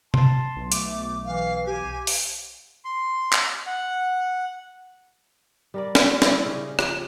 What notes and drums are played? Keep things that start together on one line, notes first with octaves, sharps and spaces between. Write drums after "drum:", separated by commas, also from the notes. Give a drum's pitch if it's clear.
A5 C6, drum: tom C3
B1
A3 D6, drum: hi-hat
E3 F5
G4 G#5
drum: open hi-hat
C6
drum: clap
F#5
G3 A#4 D5
F#4, drum: snare
G3 C4 E4 G4, drum: snare
C#3 C#4 D#4
F3 G4, drum: rim click